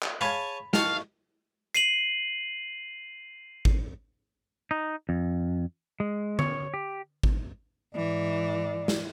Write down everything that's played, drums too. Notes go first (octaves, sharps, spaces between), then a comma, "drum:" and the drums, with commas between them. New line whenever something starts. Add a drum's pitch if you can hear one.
drum: clap
G#4 C#5 F5 G#5 A5 B5
D#3 F5 A5 C#6, drum: snare
C7 D#7 F#7, drum: hi-hat
drum: kick G#1
D#4
F2
G#3
C#5, drum: tom D3
G4
drum: kick G#1
G#2 E3 D5
drum: snare